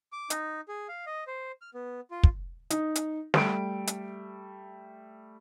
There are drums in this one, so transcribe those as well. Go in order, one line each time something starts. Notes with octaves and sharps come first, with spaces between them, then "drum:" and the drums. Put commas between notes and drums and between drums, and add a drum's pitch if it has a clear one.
D6
D#4, drum: hi-hat
G#4
F5
D#5
C5
F6
B3
F4
drum: kick
D#4, drum: hi-hat
drum: hi-hat
G3 A3 D7, drum: snare
drum: hi-hat